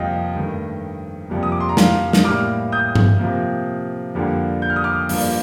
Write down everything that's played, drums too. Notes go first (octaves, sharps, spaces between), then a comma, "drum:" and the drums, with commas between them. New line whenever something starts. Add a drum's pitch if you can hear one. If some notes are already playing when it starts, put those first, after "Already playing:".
Already playing: F2 C3 G3 A#3 D#5 F5 G5
G2 D#3 A3
F2 C3 G3 A#3
D#6
D6
C6
A#5
F5 A5, drum: snare
drum: snare
A2 G3 A#3 D6 F6
D#6 G6
drum: tom G2
C3 F3 A#3
F2 D3 G3 A#3
G6
F6
D#6
D6 F6
G2 F3 A#3, drum: open hi-hat